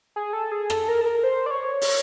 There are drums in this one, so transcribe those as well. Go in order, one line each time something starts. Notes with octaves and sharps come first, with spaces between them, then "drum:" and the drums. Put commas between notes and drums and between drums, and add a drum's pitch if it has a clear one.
G#4
A4
G#4
A4, drum: rim click
A#4
A4
A#4
C5
D5
C#5
drum: open hi-hat